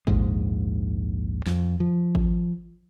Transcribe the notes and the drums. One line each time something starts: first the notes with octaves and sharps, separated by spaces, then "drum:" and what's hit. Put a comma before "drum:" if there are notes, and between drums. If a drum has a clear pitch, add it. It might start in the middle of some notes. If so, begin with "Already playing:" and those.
A#1 D#2 G#2 G#3, drum: kick G#1
F2, drum: snare
F3
drum: kick G#1